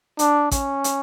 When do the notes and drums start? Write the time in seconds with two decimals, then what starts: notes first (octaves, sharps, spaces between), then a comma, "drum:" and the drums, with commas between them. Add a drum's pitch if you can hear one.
0.19 D4, drum: hi-hat
0.51 C#4, drum: kick A1, hi-hat
0.84 drum: hi-hat